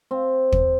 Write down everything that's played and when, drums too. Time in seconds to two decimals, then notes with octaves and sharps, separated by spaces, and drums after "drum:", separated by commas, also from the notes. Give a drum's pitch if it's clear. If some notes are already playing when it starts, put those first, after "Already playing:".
0.11 C4
0.52 drum: kick